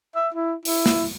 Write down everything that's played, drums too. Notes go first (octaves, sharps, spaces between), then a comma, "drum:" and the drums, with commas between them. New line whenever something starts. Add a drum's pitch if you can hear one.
E5
E4
E4, drum: open hi-hat
drum: snare